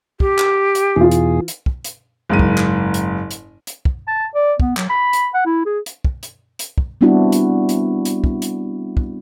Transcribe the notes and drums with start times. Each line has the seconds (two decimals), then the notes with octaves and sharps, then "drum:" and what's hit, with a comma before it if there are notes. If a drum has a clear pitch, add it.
0.20 G4, drum: kick
0.38 drum: clap
0.75 drum: hi-hat
0.96 E2 B2 E3 F4 G#4
1.11 drum: hi-hat
1.48 drum: hi-hat
1.66 drum: kick
1.85 drum: hi-hat
2.30 F#1 G#2 D#7
2.39 drum: kick
2.58 drum: clap
2.94 drum: hi-hat
3.31 drum: hi-hat
3.67 drum: hi-hat
3.85 drum: kick
4.08 A5
4.35 D5
4.60 B3, drum: kick
4.77 F#3, drum: clap
4.90 B5
5.13 drum: hi-hat
5.34 F#5
5.46 E4
5.66 G#4
5.86 drum: hi-hat
6.05 drum: kick
6.23 drum: hi-hat
6.59 drum: hi-hat
6.78 drum: kick
7.01 G3 B3 C4 D4 E4 F#4
7.32 drum: hi-hat
7.69 drum: hi-hat
8.05 drum: hi-hat
8.24 drum: kick
8.42 drum: hi-hat
8.97 drum: kick